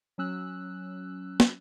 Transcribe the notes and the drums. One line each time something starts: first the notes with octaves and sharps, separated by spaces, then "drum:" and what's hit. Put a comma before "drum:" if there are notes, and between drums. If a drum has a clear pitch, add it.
F#3 C#4 E6 F#6
drum: snare